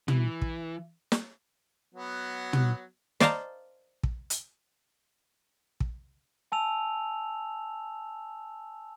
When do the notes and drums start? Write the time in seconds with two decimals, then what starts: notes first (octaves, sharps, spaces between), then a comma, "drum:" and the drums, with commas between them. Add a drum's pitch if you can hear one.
0.08 E3, drum: tom
0.42 drum: kick
1.12 drum: snare
1.95 F#3 B3
2.53 drum: tom
3.20 C5 D5 D#5 F5 A5 A#5, drum: snare
4.03 drum: kick
4.30 drum: hi-hat
5.80 drum: kick
6.52 G#5 A5 E6 F7